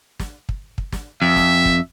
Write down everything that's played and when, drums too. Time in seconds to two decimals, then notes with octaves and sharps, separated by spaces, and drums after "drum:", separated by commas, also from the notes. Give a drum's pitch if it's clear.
0.20 drum: snare
0.49 drum: kick
0.78 drum: kick
0.92 drum: snare
1.22 F2 E5
1.36 drum: snare
1.65 drum: kick